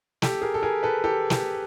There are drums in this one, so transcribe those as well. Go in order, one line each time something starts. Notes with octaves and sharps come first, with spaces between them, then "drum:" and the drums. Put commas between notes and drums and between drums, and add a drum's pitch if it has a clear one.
G4 A4, drum: snare
G#4 A#4
A4
G#4 A#4
A4 B4
G4 A4
G4 A4, drum: snare